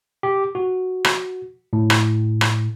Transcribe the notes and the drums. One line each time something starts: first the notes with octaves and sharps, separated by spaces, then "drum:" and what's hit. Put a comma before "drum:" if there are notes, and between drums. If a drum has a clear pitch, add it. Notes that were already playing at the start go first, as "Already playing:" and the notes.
G4
F#4
drum: rim click
A2
drum: rim click
drum: rim click